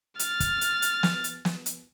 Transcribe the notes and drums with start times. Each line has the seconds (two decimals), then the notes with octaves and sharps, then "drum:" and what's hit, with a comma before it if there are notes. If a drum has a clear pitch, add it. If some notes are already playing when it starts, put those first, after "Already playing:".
0.19 F6 A6, drum: hi-hat
0.40 drum: kick, hi-hat
0.61 drum: hi-hat
0.82 drum: hi-hat
1.03 drum: snare
1.24 drum: hi-hat
1.45 drum: snare
1.66 drum: hi-hat